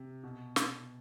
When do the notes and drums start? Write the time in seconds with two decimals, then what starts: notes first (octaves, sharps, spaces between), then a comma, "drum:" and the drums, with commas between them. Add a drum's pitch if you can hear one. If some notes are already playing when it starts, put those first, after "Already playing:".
Already playing: C3
0.23 B2
0.56 drum: snare